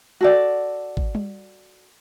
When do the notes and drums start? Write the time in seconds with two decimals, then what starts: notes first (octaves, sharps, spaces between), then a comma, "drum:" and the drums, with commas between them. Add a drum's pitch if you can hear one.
0.21 F#4 A4 D5
0.97 drum: kick G#1
1.15 drum: tom G3